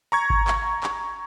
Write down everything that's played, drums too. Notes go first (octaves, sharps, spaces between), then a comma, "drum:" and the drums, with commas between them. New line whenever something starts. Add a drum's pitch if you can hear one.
A#5 C#6 G#6
drum: kick G#1
drum: clap
drum: clap